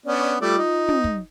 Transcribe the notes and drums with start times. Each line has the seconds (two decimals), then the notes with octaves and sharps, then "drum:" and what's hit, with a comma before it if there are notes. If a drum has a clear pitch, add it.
0.06 B3 C#4 D4 D5
0.41 G3 A3 F4 D5
0.57 D#4
0.89 drum: tom
1.04 drum: kick